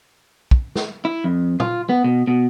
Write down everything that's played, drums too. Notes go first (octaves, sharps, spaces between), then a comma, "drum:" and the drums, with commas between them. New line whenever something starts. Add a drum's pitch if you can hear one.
drum: kick
drum: snare
E4
F2
F4, drum: tom
B3
B2
B2